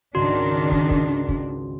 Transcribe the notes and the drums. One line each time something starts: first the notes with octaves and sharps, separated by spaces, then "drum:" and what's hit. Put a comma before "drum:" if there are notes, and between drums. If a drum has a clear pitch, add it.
G#1 C#2 D#3 D4 F#4 C6
drum: kick
drum: kick
drum: kick